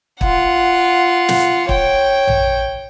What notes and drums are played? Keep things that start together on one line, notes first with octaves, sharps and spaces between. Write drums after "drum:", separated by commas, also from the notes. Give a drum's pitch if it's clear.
F4 F#5, drum: kick
drum: snare
C#5 G5, drum: kick
drum: tom A#1